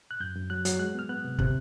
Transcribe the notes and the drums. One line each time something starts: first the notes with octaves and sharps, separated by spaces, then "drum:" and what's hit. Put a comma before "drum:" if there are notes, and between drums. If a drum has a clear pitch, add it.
F#6
F#2 G6
F#2
F#3 F#6
F#3, drum: hi-hat
G#3 F#6
B3 F6
B3 F#6
C3
C3 F#6, drum: kick